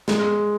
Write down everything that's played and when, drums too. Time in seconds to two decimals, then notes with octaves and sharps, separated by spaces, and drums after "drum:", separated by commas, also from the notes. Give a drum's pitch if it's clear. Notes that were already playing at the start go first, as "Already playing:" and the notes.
0.08 G#3, drum: snare